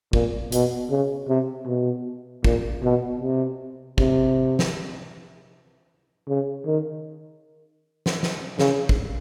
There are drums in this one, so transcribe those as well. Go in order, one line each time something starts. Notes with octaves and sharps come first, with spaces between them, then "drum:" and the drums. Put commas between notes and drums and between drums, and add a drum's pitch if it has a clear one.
A#2, drum: kick
B2, drum: hi-hat
C#3
C3
B2
A#2, drum: kick
B2
C3
C3, drum: kick
drum: snare
C#3
D#3
drum: snare
drum: snare
C#3, drum: snare
drum: kick